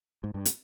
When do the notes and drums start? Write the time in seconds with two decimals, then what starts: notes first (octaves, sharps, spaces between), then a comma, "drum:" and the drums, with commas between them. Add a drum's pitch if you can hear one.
0.24 G#2
0.34 G2
0.45 drum: hi-hat